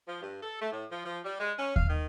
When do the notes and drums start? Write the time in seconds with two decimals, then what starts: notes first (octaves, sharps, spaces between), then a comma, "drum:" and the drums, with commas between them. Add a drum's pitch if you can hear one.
0.07 F3
0.21 G2
0.43 A4
0.60 A3
0.72 A2
0.91 F3
1.05 F3
1.25 G3
1.39 G#3
1.58 C#4
1.76 F5, drum: kick D#2
1.89 D#3